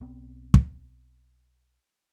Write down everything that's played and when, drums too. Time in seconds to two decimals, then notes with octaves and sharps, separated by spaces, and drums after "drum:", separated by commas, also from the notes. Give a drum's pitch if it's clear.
0.01 B1 B3 C4
0.54 drum: kick